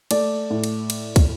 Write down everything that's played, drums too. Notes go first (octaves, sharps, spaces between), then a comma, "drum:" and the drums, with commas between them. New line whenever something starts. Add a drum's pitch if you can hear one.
A3 D5, drum: cymbal
A2
drum: cymbal
drum: cymbal
drum: kick, cymbal